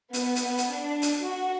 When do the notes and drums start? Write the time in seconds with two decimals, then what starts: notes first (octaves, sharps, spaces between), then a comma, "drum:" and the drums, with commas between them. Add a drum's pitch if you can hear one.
0.13 B3, drum: hi-hat
0.35 drum: hi-hat
0.46 B3
0.58 drum: hi-hat
0.75 D4
1.02 drum: hi-hat
1.23 F#4